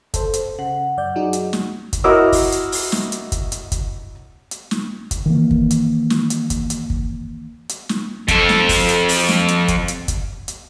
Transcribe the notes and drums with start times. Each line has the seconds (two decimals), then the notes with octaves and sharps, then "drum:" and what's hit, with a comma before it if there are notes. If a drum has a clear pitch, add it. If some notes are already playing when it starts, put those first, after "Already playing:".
0.14 A4 C5, drum: kick, hi-hat
0.34 drum: hi-hat
0.59 C#3 F#5
0.97 F#2 D5 G6
1.16 F#3 D#4 G#4
1.33 drum: hi-hat
1.53 drum: snare
1.93 drum: kick, hi-hat
2.04 E4 F#4 A#4 D#5 D6 E6
2.32 drum: kick, open hi-hat
2.52 drum: hi-hat
2.72 drum: open hi-hat
2.92 drum: snare
3.12 drum: hi-hat
3.32 drum: kick, hi-hat
3.52 drum: hi-hat
3.72 drum: kick, hi-hat
4.51 drum: hi-hat
4.71 drum: snare
5.11 drum: kick, hi-hat
5.26 D#3 E3 A#3
5.51 drum: kick
5.71 drum: hi-hat
6.10 drum: snare
6.30 drum: hi-hat
6.50 drum: kick, hi-hat
6.70 drum: hi-hat
6.90 drum: kick
7.69 drum: hi-hat
7.89 drum: snare
8.28 F2 A4, drum: kick, hi-hat
8.49 drum: snare
8.69 drum: kick, open hi-hat
8.89 drum: hi-hat
9.09 drum: open hi-hat
9.29 drum: snare
9.48 drum: hi-hat
9.68 drum: kick, hi-hat
9.88 drum: hi-hat
10.08 drum: kick, hi-hat
10.48 drum: hi-hat